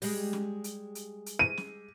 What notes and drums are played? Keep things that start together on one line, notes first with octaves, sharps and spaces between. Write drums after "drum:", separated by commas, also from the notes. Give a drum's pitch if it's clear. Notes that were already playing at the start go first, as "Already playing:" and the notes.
G3 G#3, drum: open hi-hat
drum: snare
drum: hi-hat
drum: hi-hat
drum: hi-hat
D#7
drum: snare